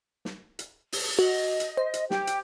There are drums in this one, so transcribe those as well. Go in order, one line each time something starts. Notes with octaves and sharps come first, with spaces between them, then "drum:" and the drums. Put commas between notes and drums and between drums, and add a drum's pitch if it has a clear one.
drum: snare
drum: hi-hat
drum: open hi-hat
F#4 D#5
drum: hi-hat
C5
drum: hi-hat
G4, drum: snare
drum: hi-hat